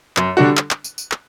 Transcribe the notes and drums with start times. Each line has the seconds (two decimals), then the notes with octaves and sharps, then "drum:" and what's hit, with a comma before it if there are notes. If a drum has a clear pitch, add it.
0.17 F#2, drum: clap
0.37 D3 G3 D4 F#4
0.57 drum: clap
0.71 drum: clap
0.84 drum: tambourine
0.98 drum: tambourine
1.12 drum: clap